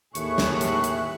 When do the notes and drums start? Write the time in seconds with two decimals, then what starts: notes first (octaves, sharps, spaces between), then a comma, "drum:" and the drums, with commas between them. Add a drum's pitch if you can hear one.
0.15 D#2 A2 G#4 E5 C#6 F#6, drum: hi-hat
0.38 drum: snare
0.61 drum: hi-hat
0.84 drum: hi-hat